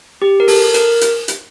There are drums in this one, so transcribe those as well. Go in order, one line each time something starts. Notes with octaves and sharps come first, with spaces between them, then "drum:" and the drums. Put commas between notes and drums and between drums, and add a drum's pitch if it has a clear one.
G4
A#4
A4, drum: open hi-hat
A#4, drum: hi-hat
drum: hi-hat
drum: hi-hat